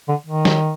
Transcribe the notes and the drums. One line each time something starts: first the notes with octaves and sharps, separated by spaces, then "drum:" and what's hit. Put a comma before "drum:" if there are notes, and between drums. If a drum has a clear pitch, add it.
D3
D#3
drum: snare